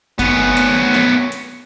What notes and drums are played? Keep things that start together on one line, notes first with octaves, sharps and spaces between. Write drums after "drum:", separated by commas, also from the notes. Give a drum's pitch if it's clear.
B3 C#4, drum: kick G1, hi-hat
drum: hi-hat
drum: snare
drum: hi-hat